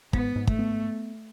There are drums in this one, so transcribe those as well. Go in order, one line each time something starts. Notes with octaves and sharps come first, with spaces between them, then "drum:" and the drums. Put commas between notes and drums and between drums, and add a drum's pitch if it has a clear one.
G#2 B3, drum: kick
G#2
A3, drum: kick
B3